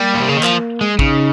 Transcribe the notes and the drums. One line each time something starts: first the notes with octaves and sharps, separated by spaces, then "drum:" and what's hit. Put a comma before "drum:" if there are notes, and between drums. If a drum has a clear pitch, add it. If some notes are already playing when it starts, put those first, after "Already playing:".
Already playing: G3 A#3
A#2
C3
C#3
D#3
F3, drum: clap
G#3
C#3 D#4, drum: kick